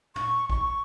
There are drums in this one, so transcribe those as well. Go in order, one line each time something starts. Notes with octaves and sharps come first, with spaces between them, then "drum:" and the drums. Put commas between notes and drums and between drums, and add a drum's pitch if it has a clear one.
C#6, drum: tom
C#6, drum: kick